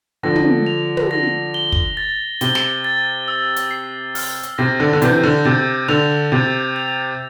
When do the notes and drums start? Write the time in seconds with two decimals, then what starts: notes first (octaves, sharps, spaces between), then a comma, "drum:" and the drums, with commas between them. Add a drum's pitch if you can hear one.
0.23 D3 F3 A#6
0.35 drum: tom
0.66 F7
0.97 drum: tom
1.11 A#6
1.54 G7
1.72 drum: kick
1.97 A6
2.41 C3 G7, drum: hi-hat
2.55 drum: snare
2.84 A6
3.28 E6
3.56 drum: hi-hat
3.71 C7
4.15 F6, drum: open hi-hat
4.43 drum: hi-hat
4.58 C3 A#6
4.80 D3
4.93 D3
5.02 C3 E3 G6, drum: hi-hat
5.23 D3
5.45 C3 A6
5.88 D3 F7
6.32 C3 A6
6.76 F7